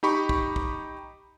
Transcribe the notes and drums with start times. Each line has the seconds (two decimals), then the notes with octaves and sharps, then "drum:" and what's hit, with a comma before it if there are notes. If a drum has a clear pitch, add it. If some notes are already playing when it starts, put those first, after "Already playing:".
0.03 D#4 G4 B5 C#6
0.29 drum: kick
0.56 drum: kick